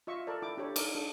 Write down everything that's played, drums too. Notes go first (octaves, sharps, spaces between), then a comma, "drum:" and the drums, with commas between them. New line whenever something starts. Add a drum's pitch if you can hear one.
F4 D#5 E5 C#6
A4 A#4 D5
E4 G5 D6
D4 G4 A4 C#5
A#4 D6 E6, drum: cymbal
D4